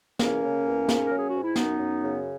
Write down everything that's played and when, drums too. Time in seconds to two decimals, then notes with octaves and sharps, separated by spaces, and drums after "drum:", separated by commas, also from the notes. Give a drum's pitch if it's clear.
0.19 E2 A#3 C#4, drum: snare
0.43 C#3
0.65 E2
0.89 G#2, drum: snare
1.05 A#4
1.11 F#3
1.17 G#4
1.30 G#2 F#4
1.43 E4
1.55 F#2 B3 D#4, drum: snare
1.79 F#2
2.02 C#3